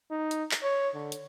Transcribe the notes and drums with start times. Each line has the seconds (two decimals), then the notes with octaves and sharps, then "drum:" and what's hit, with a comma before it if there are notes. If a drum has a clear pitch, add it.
0.11 D#4
0.31 drum: hi-hat
0.51 drum: clap
0.63 C#5
0.94 D3
1.12 drum: hi-hat